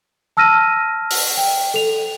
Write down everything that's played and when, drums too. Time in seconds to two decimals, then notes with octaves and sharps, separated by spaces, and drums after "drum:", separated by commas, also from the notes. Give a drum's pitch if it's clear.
0.37 A5 E6 F6 A#6 D#7
1.11 drum: open hi-hat
1.37 G5
1.74 A4 F7